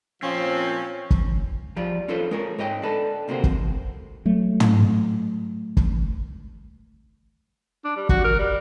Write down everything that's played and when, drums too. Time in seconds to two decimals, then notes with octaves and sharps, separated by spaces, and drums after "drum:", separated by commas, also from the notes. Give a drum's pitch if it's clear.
0.23 A#2 F3 C4 C#4
1.11 drum: kick
1.76 F3 G3 F4 D5
2.08 C#4 F4 A4 B4 C5
2.31 G#3 A#4 C#5
2.58 G#2 C#5 D#5 G5
2.82 D4 A4 B4
3.28 D2 C3 A#3 F#4 C5
3.44 drum: kick
4.26 F#3 A3
4.60 drum: tom
5.77 drum: kick
7.84 D4
7.97 G3
8.09 F#4, drum: kick
8.24 A#4
8.39 G3